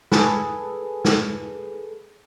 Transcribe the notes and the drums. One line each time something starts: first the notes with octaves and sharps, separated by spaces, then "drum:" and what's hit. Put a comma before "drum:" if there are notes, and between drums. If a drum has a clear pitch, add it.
G#4 A4 B4, drum: snare
drum: snare